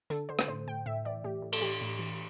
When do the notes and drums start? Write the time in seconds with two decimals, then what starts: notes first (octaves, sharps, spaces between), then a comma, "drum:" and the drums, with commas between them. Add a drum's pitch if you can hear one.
0.10 D3 A4, drum: hi-hat
0.29 D3 C5
0.39 drum: rim click
0.48 A2 C5
0.67 A2 G5
0.86 A2 E5
1.05 E3 D5
1.24 A2 G4
1.42 A2
1.52 A4, drum: cymbal
1.61 E3 G4
1.81 A2
1.99 E3